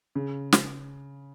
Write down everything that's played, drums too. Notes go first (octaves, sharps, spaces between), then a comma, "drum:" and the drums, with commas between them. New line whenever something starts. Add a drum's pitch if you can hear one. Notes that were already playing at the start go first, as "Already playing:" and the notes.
C#3
drum: snare